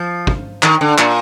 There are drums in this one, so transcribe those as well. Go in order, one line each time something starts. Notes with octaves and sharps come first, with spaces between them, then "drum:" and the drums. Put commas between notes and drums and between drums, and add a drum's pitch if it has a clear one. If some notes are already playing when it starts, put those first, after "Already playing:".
Already playing: F3
drum: kick
D#3, drum: clap
D3
A#2, drum: clap